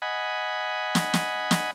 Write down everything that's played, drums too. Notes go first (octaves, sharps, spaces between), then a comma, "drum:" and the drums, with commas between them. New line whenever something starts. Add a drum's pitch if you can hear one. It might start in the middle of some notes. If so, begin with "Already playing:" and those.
D#5 F#5 G#5 B5
drum: snare
drum: snare
drum: snare